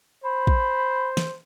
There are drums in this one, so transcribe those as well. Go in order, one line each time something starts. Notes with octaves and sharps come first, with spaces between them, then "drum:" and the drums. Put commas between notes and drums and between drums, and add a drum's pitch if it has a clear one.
C5 B5
drum: kick
drum: snare